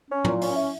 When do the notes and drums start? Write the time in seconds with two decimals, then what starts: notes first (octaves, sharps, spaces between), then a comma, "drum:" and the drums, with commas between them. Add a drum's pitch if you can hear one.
0.09 C#4
0.24 A#2 E4, drum: tom
0.41 C#4 D#5, drum: open hi-hat
0.56 E5